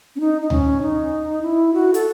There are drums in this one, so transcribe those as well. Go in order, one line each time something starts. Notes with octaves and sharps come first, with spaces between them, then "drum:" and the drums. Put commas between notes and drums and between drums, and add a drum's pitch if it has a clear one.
C#4
D#4
D#4
C#4, drum: tom D2
D#4
E4
F#4
A4, drum: hi-hat